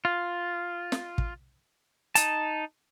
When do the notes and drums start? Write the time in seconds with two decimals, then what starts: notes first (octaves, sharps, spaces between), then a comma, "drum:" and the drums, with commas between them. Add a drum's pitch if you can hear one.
0.05 F4
0.92 drum: snare
1.18 drum: kick
2.15 D#4 A5, drum: hi-hat